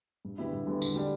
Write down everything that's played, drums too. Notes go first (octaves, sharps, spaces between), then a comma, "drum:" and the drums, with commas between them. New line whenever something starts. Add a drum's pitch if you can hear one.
G2
D3 G3 B3 E4
G2
D3 G3 B3 E4
D3, drum: tambourine
G3 D4